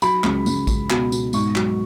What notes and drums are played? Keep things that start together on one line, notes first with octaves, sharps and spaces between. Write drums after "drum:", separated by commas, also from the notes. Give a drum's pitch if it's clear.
F#3 B5, drum: tambourine
C#2, drum: clap
C#2, drum: tambourine
C#2, drum: kick A1, tambourine
B2, drum: clap
B2, drum: tambourine
G#2 C#6, drum: tambourine
F#3, drum: clap